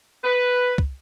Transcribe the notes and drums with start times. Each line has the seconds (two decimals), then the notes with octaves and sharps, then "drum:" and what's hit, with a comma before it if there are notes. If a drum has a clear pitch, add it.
0.24 B4
0.78 drum: kick